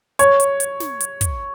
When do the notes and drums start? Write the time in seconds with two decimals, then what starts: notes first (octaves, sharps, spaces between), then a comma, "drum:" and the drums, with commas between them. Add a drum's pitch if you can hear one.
0.19 C#5, drum: hi-hat
0.40 drum: hi-hat
0.60 drum: hi-hat
0.80 drum: snare
1.00 drum: hi-hat
1.21 drum: kick, hi-hat